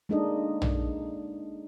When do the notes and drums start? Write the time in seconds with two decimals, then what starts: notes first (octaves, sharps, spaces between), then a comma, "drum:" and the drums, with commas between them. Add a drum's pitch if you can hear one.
0.09 G#3 A#3 D4 D#4 A4 D#5
0.62 drum: tom